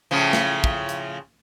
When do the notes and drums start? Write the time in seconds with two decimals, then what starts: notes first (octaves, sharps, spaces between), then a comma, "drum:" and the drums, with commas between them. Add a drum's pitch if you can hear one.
0.11 A2 C#3 F3
0.33 drum: snare
0.64 drum: kick
0.89 drum: hi-hat